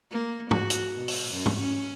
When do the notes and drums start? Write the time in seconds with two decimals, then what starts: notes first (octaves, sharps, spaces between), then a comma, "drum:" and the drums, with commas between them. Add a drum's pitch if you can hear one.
0.11 A#3
0.51 F#4, drum: tom
0.70 drum: hi-hat
0.95 B2
1.08 drum: open hi-hat
1.31 F#2
1.46 drum: tom
1.60 C#4